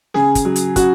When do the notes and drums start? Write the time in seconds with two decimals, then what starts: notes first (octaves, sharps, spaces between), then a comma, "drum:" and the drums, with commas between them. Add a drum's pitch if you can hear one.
0.14 C#3 G#4, drum: snare
0.35 drum: kick, hi-hat
0.45 F#3
0.56 drum: hi-hat
0.76 C#3 F#4, drum: kick, hi-hat